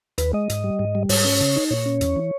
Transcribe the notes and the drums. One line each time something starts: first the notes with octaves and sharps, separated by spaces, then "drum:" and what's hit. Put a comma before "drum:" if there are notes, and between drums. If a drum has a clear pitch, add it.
D#2 B4, drum: hi-hat
G#3 D#5
G#2, drum: hi-hat
G3
G#2
G3
G#2 C#5, drum: open hi-hat
C#4
C#3, drum: hi-hat
D#4
A#2 C#5
C#4
E2, drum: hi-hat
E3